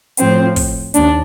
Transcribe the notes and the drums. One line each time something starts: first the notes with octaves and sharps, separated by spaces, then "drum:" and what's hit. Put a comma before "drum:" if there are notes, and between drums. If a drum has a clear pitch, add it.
A2 F3 C4, drum: hi-hat
drum: kick, open hi-hat
D#2 D4, drum: hi-hat